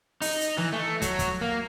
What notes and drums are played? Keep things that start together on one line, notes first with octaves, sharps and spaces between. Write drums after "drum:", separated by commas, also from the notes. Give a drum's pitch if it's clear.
D#4, drum: open hi-hat
drum: hi-hat
E3, drum: snare
A3
F#3, drum: kick, hi-hat
drum: kick, hi-hat
A#3